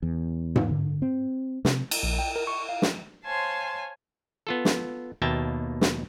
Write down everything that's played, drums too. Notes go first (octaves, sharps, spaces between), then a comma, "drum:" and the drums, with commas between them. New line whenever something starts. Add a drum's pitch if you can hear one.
E2
drum: tom G#2
D3
C4
C3, drum: snare
drum: cymbal
A#1
G5
A#4
C#6
F5
drum: snare
C5 C#5 F5 G#5 A5 C6
B3 F4 A4
drum: snare
D#2 B2 A#3 E5 G5 A5
drum: snare